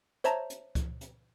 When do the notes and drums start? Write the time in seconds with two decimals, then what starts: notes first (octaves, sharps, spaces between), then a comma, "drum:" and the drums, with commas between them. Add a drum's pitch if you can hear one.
0.24 C5 C#5 E5 A5 A#5, drum: hi-hat
0.50 drum: hi-hat
0.75 drum: kick C#2, hi-hat
1.01 drum: hi-hat